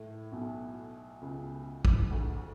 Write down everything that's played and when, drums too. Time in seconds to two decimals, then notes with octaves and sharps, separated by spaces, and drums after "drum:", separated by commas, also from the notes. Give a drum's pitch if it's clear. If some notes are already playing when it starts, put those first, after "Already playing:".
Already playing: A2
0.32 B1 B2
1.22 C#2 C#3
1.85 drum: kick
2.11 D2 D3